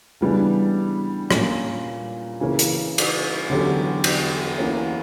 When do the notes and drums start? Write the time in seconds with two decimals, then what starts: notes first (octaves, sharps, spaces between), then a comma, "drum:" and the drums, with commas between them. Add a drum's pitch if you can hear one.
0.21 C#3 E3 G3 B3 D4
1.31 A#2 A#3 C#4, drum: rim click
2.40 C#3 E3 A#3 C#4
2.59 drum: hi-hat
2.98 drum: cymbal
3.50 E2 D3 F#3 C#4 G4
4.04 drum: cymbal
4.58 E3 A#3 C#4